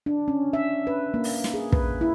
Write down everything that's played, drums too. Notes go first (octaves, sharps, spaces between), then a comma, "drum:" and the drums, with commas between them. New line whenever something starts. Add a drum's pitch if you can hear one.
D4
C#4
E5
B4
A#3
drum: open hi-hat
drum: snare
G#4
B4, drum: kick
E4